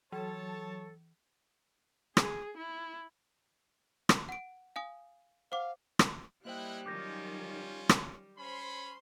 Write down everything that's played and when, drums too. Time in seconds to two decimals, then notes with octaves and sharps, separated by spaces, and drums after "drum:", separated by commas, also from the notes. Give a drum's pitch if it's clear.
0.12 E3 F#3 A4 C#5 A5
2.17 G#4, drum: rim click
2.58 E4
4.09 drum: rim click
4.29 F#5 D7
4.76 F5 G#5 D#6
5.52 C5 F5 F#5 D6
5.99 drum: rim click
6.45 G3 A#3 E4 C5 D#5 G5 F#6
6.86 D#3 F#3 C#4 F4 D6 G6 A#6
7.89 drum: rim click
8.38 C#4 C5 B5 C6